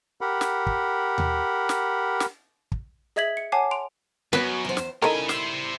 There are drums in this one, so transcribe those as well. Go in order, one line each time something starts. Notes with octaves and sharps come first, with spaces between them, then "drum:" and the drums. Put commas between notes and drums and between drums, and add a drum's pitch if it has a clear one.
G4 A#4 F#5 B5
drum: snare
drum: kick
drum: tom D#2
drum: snare
drum: snare
drum: kick
G#4 D#5 E5 G#6 B6 F#7
C#7
C#5 F#5 G#5 A5 D6 C7
C6 D7 F7
F#2 B3 C#4 F#4 B4
E2 C5
drum: snare
C#3 G3 D#4 E4 A4 A#4 G#5
C5 E5, drum: snare